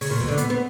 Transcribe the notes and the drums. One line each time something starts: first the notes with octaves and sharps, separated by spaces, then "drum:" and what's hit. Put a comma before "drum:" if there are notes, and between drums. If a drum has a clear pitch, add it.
C#3, drum: open hi-hat
A#2
B2, drum: kick
D3
B3, drum: hi-hat
B3